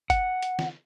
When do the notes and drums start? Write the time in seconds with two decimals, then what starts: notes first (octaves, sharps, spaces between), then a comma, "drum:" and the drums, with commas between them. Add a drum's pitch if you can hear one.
0.10 F#5, drum: kick G1, hi-hat
0.42 drum: hi-hat
0.59 drum: snare